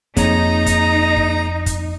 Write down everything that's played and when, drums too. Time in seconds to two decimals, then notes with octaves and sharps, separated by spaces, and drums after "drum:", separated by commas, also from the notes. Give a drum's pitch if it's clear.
0.17 F2 A#3 D#4 G#4 C#5 A#5, drum: kick, hi-hat
0.66 drum: kick, hi-hat
1.16 drum: kick
1.66 drum: kick, hi-hat